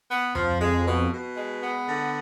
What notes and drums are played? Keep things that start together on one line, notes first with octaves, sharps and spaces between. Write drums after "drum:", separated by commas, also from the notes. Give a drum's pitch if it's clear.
B3
F2 F3, drum: tom D2
G#3
B2
B2
G#3
B3
D3